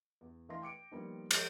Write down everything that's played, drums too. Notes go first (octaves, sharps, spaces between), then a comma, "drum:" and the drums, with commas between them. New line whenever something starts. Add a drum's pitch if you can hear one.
E2
E3 A3 D#5 F5 C6 A#6
G5 D6 C#7 D7
D#3 F3 G3 A#3 B3
F3 G#3 G#4 C#5 D#5, drum: cymbal